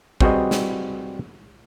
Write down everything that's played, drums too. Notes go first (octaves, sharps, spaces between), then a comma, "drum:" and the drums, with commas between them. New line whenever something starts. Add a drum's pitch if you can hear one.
G3 C4 F#4 G#4 B4 D#5, drum: kick
drum: snare